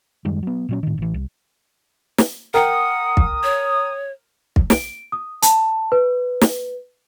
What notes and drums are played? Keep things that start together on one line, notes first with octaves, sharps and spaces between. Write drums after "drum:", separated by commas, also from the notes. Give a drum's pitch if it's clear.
F#2 D#3 G3 G#3
F#3 B3
A#2 F#3 C#4
A2 D#3
A1 E3
C2
drum: snare
A#4 F#5 G5 A#5 D#6
drum: kick
C#5
drum: kick
D7, drum: snare
D#6
A5, drum: hi-hat
B4
drum: snare